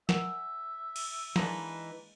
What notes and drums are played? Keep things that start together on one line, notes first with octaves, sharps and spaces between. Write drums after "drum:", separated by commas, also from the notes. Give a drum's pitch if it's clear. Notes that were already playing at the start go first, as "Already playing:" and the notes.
A#4 E5 F#5 G#5, drum: snare
drum: cymbal
E3 G#3 A#3 D4 D#4 B4, drum: snare